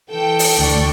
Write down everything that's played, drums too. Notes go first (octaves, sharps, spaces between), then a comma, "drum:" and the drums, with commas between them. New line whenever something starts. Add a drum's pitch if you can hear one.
E3 A4 G5
drum: open hi-hat
D2 D3 D5 C#6